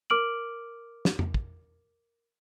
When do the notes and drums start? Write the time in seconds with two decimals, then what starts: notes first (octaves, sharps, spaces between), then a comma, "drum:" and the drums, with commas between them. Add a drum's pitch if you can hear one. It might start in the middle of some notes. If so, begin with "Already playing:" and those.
0.10 A#4 D6 F6 D7 F#7
1.05 drum: snare
1.19 drum: tom F2
1.34 drum: kick